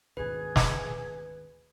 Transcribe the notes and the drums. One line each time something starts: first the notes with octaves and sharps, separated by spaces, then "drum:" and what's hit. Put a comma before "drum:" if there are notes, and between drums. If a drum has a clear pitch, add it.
G#1 D2 B2 G#4 B4
drum: snare